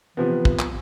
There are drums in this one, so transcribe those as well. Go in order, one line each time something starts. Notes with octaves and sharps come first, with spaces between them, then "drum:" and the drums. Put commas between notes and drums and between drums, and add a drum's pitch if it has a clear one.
C3 E3 F3 B3
drum: kick
drum: clap